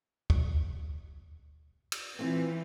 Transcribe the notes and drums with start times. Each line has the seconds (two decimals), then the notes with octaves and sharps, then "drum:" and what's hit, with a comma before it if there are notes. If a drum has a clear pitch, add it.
0.30 drum: kick
1.92 drum: cymbal
2.19 E3 C4 F4